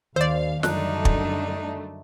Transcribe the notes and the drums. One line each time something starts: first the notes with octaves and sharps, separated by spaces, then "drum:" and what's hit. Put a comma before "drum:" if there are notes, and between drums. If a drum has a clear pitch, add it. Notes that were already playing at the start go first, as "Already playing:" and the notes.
D#2 D#3 C5 D5 F5
F#2 D3 G3 A3 D4 D#4 F#6, drum: snare
drum: kick